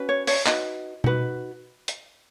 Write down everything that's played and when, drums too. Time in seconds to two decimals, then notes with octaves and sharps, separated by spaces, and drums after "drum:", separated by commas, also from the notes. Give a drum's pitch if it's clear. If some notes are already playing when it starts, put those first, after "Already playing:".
Already playing: C#4 F#4 B4
0.09 C#5
0.27 C#5, drum: open hi-hat
0.46 D#4 F#4 B4 D#5, drum: clap
1.04 D#4 F#4 B4, drum: tom B2
1.88 drum: hi-hat